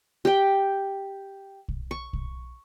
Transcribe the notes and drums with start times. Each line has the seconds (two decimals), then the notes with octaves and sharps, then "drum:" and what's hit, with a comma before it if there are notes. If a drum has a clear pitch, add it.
0.25 G4 G5
1.68 drum: kick
1.91 C#6
2.13 drum: kick